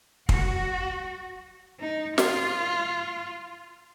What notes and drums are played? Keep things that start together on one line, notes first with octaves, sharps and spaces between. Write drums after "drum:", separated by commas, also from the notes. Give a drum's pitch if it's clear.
F#4, drum: kick
D#4
F4, drum: snare